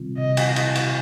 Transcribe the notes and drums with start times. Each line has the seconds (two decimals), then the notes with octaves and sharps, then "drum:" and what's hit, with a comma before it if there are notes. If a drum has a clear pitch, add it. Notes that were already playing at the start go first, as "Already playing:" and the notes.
Already playing: C3 D#3 G3 C4 F4
0.18 C3 D#5
0.37 drum: cymbal
0.56 drum: cymbal
0.75 drum: cymbal